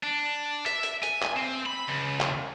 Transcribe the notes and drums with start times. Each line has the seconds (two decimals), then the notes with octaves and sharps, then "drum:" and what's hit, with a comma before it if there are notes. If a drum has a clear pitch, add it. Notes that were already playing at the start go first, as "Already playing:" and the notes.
0.03 D4
0.66 E5, drum: hi-hat
0.83 drum: hi-hat
1.03 G#5, drum: hi-hat
1.23 drum: clap
1.37 C4
1.66 B5
1.88 C#2
2.21 drum: clap